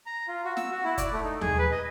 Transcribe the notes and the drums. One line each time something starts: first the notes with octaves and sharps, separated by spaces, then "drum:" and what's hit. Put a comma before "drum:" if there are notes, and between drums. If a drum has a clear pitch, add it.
A#5
F4
F#4
E6, drum: snare
F#4
E4
D5, drum: kick F1, hi-hat
A3
D#4
G#4, drum: tom D#2
B4
D#5